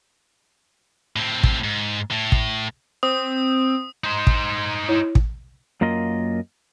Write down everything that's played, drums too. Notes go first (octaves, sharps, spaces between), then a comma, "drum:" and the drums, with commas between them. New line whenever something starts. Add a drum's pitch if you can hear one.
A2 C4
drum: kick
G#2
A2
drum: kick
C4 D#6
D#4 C5
drum: kick
E4 C#5
drum: kick
F#2 A#3 F4 D#5